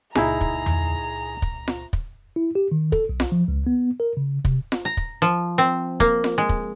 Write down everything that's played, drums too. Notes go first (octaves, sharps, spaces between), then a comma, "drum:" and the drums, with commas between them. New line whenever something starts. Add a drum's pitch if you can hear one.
C#2 A#2 D#4 E4 G#4 A#5, drum: snare F4
drum: kick
drum: tom E2
drum: kick
drum: snare F4
drum: kick
E4
G4
D#3
A4, drum: kick
B1
drum: snare F4
F3
C#2
B3
A#4
C#3
C3, drum: kick
drum: snare F4
A#5
drum: kick
F3
C4
A#3, drum: kick
drum: snare F4
G#3
drum: kick